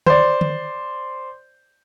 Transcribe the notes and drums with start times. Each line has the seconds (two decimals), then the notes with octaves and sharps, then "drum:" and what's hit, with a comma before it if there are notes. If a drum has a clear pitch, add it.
0.06 C5 D5, drum: tom D3
0.41 drum: tom D3